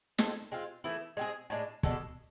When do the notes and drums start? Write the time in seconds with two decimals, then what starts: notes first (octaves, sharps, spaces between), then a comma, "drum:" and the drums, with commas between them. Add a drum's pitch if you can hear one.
0.18 G#3 C4 F4 A4, drum: snare
0.52 G#3 C4 F4
0.84 E3 A3 E4 G#4
1.17 G#3 C4 G#4
1.50 A2 G#3 D4
1.83 B2 G#3 D4 A4, drum: kick